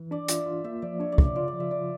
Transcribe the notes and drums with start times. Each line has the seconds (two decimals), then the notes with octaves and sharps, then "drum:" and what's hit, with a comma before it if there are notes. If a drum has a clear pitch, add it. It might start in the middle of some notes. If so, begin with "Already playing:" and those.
Already playing: E3
0.11 D4 D5
0.28 F4 E5, drum: hi-hat
0.46 F4
0.64 A#3 E5
0.82 F3 D5
1.00 D4 C#5
1.12 D5
1.18 C#3, drum: kick
1.24 E5
1.36 F4 D5
1.48 D5
1.54 F3
1.60 E5
1.71 F4 D5